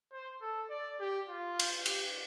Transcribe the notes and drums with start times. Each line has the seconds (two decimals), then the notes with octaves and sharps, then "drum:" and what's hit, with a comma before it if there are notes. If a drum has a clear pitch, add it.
0.12 C5
0.42 A4
0.70 D5
1.00 G4
1.28 F4
1.59 drum: cymbal
1.86 G4, drum: cymbal